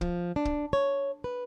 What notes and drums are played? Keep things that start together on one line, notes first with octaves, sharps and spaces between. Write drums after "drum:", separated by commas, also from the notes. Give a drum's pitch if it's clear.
F3, drum: kick
D4
drum: kick
C#5
B4